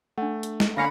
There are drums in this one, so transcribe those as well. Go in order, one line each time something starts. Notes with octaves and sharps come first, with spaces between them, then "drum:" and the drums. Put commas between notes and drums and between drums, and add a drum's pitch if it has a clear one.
A3 D4 F#5
drum: hi-hat
drum: snare
D3 A#3 C#4 F5 B5 A#6 C#7